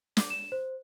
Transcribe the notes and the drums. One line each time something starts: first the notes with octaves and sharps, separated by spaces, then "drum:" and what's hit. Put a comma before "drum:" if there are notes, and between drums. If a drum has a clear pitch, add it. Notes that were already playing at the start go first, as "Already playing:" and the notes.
D6, drum: snare
E7
C5